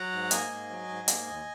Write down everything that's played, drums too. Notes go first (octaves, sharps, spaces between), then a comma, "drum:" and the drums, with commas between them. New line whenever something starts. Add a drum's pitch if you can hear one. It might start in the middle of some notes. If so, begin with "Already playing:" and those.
Already playing: F#3 F#5 A#5
G#2
A#3 D#5 G#5, drum: hi-hat
G#2
F#3
G#2
A#3, drum: hi-hat
D#2